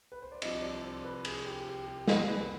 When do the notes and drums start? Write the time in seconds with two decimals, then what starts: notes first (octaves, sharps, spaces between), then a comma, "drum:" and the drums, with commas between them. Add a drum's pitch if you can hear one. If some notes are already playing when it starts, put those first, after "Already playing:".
0.12 B4
0.22 C5
0.32 D5
0.42 C2 C3 F3 D#5, drum: cymbal
0.55 D#5
0.62 D5
0.83 C5
1.04 B4
1.25 G#4, drum: cymbal
1.46 G4
1.66 G4
1.87 G4
2.07 G#4, drum: snare
2.28 B4